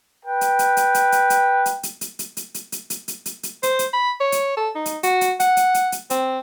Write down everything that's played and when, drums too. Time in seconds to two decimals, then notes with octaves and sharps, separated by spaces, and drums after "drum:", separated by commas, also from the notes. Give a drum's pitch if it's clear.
0.24 B4 G5
0.41 drum: hi-hat
0.59 drum: hi-hat
0.77 drum: hi-hat
0.94 drum: hi-hat
1.12 drum: hi-hat
1.30 drum: hi-hat
1.66 drum: hi-hat
1.83 drum: hi-hat
2.01 drum: hi-hat
2.19 drum: hi-hat
2.37 drum: hi-hat
2.54 drum: hi-hat
2.72 drum: hi-hat
2.90 drum: hi-hat
3.08 drum: hi-hat
3.26 drum: hi-hat
3.43 drum: hi-hat
3.63 C5, drum: hi-hat
3.79 drum: hi-hat
3.93 B5
4.20 C#5
4.32 drum: hi-hat
4.57 A4
4.75 D#4
4.86 drum: hi-hat
5.03 F#4, drum: hi-hat
5.21 drum: hi-hat
5.40 F#5, drum: hi-hat
5.57 drum: hi-hat
5.74 drum: hi-hat
5.92 drum: hi-hat
6.10 C4, drum: hi-hat